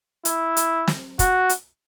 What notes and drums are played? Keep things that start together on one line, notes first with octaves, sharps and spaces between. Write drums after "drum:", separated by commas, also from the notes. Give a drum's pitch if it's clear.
E4, drum: hi-hat
drum: hi-hat
drum: snare
F#4, drum: kick, hi-hat
drum: hi-hat